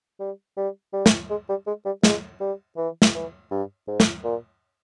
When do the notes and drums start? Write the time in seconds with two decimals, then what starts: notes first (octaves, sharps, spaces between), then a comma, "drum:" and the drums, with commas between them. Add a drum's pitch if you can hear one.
0.20 G3
0.57 G3
0.93 G3
1.06 drum: snare
1.30 G#3
1.49 G3
1.67 G#3
1.85 G3
2.03 G#3, drum: snare
2.40 G3
2.77 E3
3.02 drum: snare
3.15 E3
3.51 G2
3.88 G#2
4.00 drum: snare
4.24 A#2